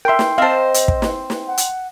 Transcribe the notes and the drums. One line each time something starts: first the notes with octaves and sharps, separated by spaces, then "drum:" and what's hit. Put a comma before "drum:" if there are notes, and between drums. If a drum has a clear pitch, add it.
A#4 E5 G5 C6
drum: snare
C4 C5 D#5 F5 A5
drum: hi-hat
drum: kick
drum: snare
drum: snare
F#5
drum: hi-hat